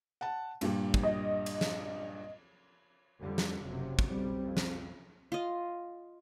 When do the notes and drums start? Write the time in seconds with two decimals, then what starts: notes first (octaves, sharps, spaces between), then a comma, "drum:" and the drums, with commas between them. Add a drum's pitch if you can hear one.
0.21 F#5 A5
0.61 G2 A#2 G3, drum: cymbal
0.94 drum: kick
1.03 D#5
1.46 drum: cymbal
1.61 drum: snare
3.19 F2 D3 G3
3.38 drum: snare
3.65 F#1 F#2 C3
3.99 drum: kick
4.09 B1 G3 C4
4.44 F2
4.57 drum: snare
5.32 F4 D#5